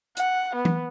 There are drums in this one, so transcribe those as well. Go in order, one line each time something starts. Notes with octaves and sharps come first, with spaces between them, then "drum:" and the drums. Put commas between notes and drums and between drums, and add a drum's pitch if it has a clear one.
F#5, drum: hi-hat
B3
drum: tom E3